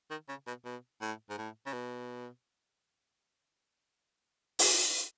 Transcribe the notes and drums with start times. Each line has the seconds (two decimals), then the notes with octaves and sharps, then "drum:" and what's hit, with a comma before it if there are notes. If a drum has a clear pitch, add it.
0.11 D#3
0.29 C#3
0.47 B2
0.65 B2
1.01 A2
1.30 G#2
1.38 A2
1.66 C#3
1.73 B2
4.59 drum: open hi-hat